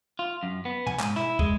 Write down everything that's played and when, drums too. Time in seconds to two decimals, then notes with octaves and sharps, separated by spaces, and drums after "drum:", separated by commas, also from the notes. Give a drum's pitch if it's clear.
0.19 F4
0.43 F#2
0.65 B3
0.87 G#5, drum: tom
1.00 G#2, drum: clap
1.16 E4, drum: snare
1.39 G#3, drum: kick